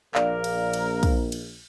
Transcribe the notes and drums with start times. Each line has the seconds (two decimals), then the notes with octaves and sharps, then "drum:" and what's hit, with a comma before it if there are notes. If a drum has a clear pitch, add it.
0.15 A#1 A#4 D5 F5, drum: clap
0.44 drum: cymbal
0.73 drum: cymbal
1.03 drum: kick, cymbal
1.32 drum: cymbal